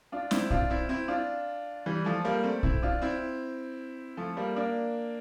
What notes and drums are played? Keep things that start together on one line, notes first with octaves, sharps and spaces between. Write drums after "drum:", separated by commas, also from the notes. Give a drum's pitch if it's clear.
D4 F4
C4 E4, drum: snare
D4 F4, drum: kick A#1
C4 E4
C4 E4
D4 F4
E3 G3
F3 A3
G3 A#3
A3 C4
C4 E4, drum: kick A#1
D4 F4
C4 E4
F3 A3
G3 A#3
A#3 D4